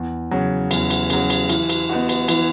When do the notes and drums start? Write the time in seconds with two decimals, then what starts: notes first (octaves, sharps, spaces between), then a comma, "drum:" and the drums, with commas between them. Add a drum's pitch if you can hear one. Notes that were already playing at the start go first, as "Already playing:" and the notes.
Already playing: E2
0.31 C#3 F#3
0.71 E2, drum: cymbal
0.90 drum: cymbal
1.10 C#3 F#3, drum: cymbal
1.30 drum: cymbal
1.49 E3, drum: cymbal
1.70 drum: cymbal
1.89 B3 D#4 F#4
2.09 drum: cymbal
2.28 E3, drum: cymbal